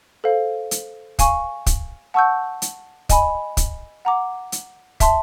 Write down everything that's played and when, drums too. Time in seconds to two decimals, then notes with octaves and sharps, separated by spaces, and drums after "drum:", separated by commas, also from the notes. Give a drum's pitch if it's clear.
0.24 A4 C5 F5
0.71 drum: hi-hat
1.19 F5 G#5 C#6, drum: kick, hi-hat
1.66 drum: kick, hi-hat
2.14 F#5 A5 C#6 E6 G6
2.62 drum: hi-hat
3.09 D#5 G#5 B5, drum: kick, hi-hat
3.57 drum: kick, hi-hat
4.05 F#5 A#5 D6
4.52 drum: hi-hat
5.00 E5 A5 C6, drum: kick, hi-hat